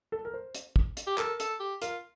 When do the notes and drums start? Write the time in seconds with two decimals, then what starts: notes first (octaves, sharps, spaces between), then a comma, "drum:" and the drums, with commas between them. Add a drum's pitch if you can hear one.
0.12 A4
0.25 A#4
0.34 C5
0.55 drum: hi-hat
0.76 drum: kick
0.97 drum: hi-hat
1.07 G4
1.18 A4 A#4, drum: clap
1.40 A4, drum: hi-hat
1.60 G4
1.82 F4 A#4, drum: hi-hat